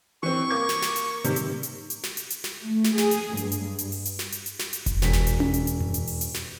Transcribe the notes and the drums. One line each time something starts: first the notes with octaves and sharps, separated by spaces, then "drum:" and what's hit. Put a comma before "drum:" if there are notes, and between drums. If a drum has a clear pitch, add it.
E3 C4 C#6
A#3 D6 G#6
drum: snare
drum: snare
drum: hi-hat
C3 D#3 G3, drum: hi-hat
drum: hi-hat
drum: hi-hat
drum: hi-hat
drum: snare
drum: hi-hat
drum: hi-hat
drum: snare
A3
drum: snare
G#4, drum: snare
drum: hi-hat
G2, drum: hi-hat
drum: hi-hat
drum: hi-hat
drum: open hi-hat
drum: hi-hat
drum: snare
drum: hi-hat
drum: hi-hat
drum: snare
drum: hi-hat
drum: kick F1, hi-hat
E1 B6, drum: snare
drum: snare
drum: hi-hat
drum: tom C#4
drum: hi-hat
drum: hi-hat
drum: tom F2
drum: hi-hat
drum: open hi-hat
drum: hi-hat
drum: snare